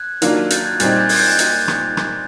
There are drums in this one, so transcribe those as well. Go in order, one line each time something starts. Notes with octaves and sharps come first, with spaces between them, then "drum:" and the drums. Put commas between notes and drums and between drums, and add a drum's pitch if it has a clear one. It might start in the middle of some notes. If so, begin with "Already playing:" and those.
Already playing: F#6 G#6
D#3 F#3 A#3 D4 F4, drum: hi-hat
G6 A6, drum: hi-hat
F#6 G#6
A#2 G3 C4 D#4 G6 A6, drum: hi-hat
F#6 G#6
G6 A6
F#6 G#6, drum: open hi-hat
G6 A6
F#6 G#6
drum: hi-hat
drum: rim click
drum: rim click